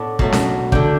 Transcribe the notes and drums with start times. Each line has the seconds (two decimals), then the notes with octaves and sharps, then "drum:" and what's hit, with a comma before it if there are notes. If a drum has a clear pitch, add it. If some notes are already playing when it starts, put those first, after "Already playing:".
Already playing: A2 B3 D4
0.19 B2 F#3 A3, drum: kick
0.32 drum: snare C#4
0.72 D3 A3 D4 G5, drum: kick